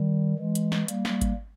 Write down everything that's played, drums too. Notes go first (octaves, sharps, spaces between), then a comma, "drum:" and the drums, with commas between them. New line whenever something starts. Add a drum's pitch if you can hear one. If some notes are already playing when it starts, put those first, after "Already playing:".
Already playing: D#3 G3
E3 G#3
drum: hi-hat
drum: snare
G3 A#3, drum: hi-hat
drum: snare
drum: kick G#1, hi-hat